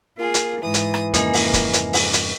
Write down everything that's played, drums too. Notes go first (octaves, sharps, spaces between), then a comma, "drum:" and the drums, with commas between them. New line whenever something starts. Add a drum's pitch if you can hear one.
A#3 F4 G#4
drum: hi-hat
G#2 E3 D#6
drum: hi-hat
drum: rim click
F2 G#2 C#3 A#3 A#4 D#5 G#5, drum: hi-hat
drum: open hi-hat
drum: kick, hi-hat
drum: hi-hat
drum: open hi-hat
drum: hi-hat